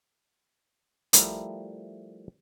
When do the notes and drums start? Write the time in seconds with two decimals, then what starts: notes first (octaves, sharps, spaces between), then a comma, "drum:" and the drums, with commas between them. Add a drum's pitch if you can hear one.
1.13 F3 G3 A3 E4 A#4, drum: hi-hat